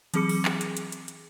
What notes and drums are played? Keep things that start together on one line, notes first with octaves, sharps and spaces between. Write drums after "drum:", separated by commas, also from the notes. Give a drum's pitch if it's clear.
E3 F#3 C4 G#4 D6 C#7, drum: hi-hat
drum: open hi-hat
drum: clap
drum: hi-hat
drum: hi-hat
drum: hi-hat
drum: hi-hat